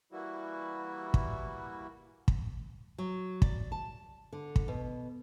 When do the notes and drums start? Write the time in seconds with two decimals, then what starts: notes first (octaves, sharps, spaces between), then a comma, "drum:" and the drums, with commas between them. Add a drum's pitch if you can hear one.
0.12 E3 G3 A#3 E4 F#4
1.14 drum: kick
2.28 drum: kick
2.98 F#3
3.42 D5, drum: kick
3.72 A5
4.32 D3
4.56 drum: kick
4.68 B2